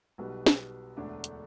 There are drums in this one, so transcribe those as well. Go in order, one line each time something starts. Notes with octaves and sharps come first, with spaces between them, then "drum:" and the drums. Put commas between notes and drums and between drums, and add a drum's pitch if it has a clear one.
B1 B2 G3 B3
drum: snare
E1 D2 D3 A3 D4
drum: hi-hat